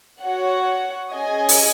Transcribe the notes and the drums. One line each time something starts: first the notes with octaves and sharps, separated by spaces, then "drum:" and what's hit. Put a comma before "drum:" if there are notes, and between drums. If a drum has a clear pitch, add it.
F#4 C#5 F#5
C#4 G#4 D#5 G#5
drum: open hi-hat